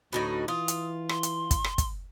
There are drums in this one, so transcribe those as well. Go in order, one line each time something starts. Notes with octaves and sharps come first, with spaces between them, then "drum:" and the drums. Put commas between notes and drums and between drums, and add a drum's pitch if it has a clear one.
D2 A2 D#4 F#4 B4
E3 F4 D#6
drum: hi-hat
C6, drum: rim click
drum: hi-hat
drum: kick, hi-hat
drum: rim click
drum: kick, hi-hat